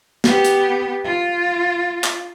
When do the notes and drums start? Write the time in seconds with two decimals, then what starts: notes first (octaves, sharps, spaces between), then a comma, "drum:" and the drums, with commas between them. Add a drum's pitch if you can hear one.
0.24 B3 G4, drum: snare
0.45 drum: hi-hat
1.04 F4
2.04 drum: clap